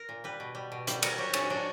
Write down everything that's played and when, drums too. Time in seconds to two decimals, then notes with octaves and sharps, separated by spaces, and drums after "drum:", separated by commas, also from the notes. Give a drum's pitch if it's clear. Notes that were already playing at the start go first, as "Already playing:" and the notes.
Already playing: A#4
0.09 A#2
0.24 G3 B4
0.40 B2
0.55 G3
0.72 B2
0.87 G3, drum: hi-hat
1.03 A#2 A#4, drum: cymbal
1.18 F#3 G4
1.33 A#2 C#4, drum: cymbal
1.50 F#3 D4